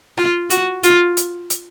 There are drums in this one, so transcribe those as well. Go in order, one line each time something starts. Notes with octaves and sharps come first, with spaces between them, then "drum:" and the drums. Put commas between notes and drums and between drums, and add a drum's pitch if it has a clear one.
F4, drum: rim click
F#4, drum: hi-hat
F4, drum: hi-hat
drum: hi-hat
drum: hi-hat